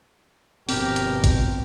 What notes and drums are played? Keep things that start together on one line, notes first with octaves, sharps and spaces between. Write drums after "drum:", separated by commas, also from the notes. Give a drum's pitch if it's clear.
G1 B2 F3 C4 G4 A#4, drum: open hi-hat
drum: hi-hat
drum: kick G#1, hi-hat